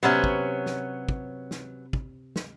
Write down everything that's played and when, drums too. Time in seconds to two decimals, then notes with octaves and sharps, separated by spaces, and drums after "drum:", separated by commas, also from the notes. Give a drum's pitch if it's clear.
0.03 C3 F#3 B3 C#4 B4 C5
0.24 drum: kick
0.66 drum: snare
1.09 drum: kick
1.51 drum: snare
1.93 drum: kick
2.36 drum: snare